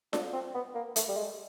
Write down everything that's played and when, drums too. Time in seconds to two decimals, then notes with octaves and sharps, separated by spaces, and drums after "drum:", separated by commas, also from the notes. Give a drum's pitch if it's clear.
0.13 D4, drum: snare F4
0.33 C4
0.54 B3
0.75 A#3
0.96 A3, drum: hi-hat
1.09 G3
1.17 G#3